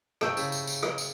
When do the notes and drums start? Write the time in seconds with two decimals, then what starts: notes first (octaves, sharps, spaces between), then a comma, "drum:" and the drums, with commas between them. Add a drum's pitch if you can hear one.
0.21 C3 F5 A5 C#6 E6 G6, drum: rim click
0.37 C#3, drum: tambourine
0.52 drum: tambourine
0.67 drum: tambourine
0.83 drum: rim click
0.98 drum: tambourine